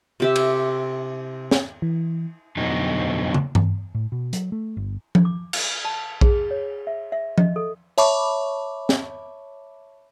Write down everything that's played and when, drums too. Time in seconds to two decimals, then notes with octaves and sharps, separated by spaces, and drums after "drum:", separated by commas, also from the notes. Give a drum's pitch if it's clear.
0.20 C3 G4 E5
0.36 drum: cymbal
1.51 drum: snare
1.82 E3
2.57 F2 B2 D3 F#3 A3 D#4
3.34 drum: tom
3.55 drum: tom G2
3.95 A2
4.12 B2
4.33 F#3, drum: hi-hat
4.52 A3
4.77 G1
5.15 drum: tom F3
5.25 D6
5.53 drum: cymbal
5.85 A5
6.21 G#4, drum: kick A#1
6.51 C#5
6.87 E5
7.12 E5
7.38 D#5, drum: tom F3
7.56 A4
7.98 C#5 E5 A5 B5 C#6 D6
8.89 drum: snare